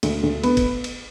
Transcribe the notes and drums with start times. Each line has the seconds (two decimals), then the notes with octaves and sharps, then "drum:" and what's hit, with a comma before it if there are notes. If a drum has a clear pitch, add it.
0.03 D2, drum: cymbal
0.23 D2
0.44 B3, drum: cymbal
0.57 drum: kick, cymbal
0.84 drum: cymbal